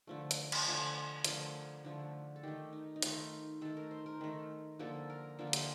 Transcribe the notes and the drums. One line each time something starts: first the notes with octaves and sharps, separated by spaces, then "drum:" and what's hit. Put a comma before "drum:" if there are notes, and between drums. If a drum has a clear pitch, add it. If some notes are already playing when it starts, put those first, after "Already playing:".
D3 F3 A3
drum: hi-hat
drum: cymbal
D3 F3 A3
D3 F3 A3 A#4, drum: hi-hat
D3 F3 A3
A4
D#3 A3 G4
D#4
D#4
D#3 A3 F4, drum: hi-hat
D#3 A3 A4
A#4
C5
A#4
D#3 A3
D3 F3 A#3 A4
A#4
D3 F3 A#3 A4
F4
G4, drum: hi-hat